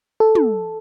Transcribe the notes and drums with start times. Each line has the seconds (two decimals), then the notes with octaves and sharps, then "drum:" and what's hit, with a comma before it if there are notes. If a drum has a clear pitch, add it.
0.20 A4
0.35 drum: tom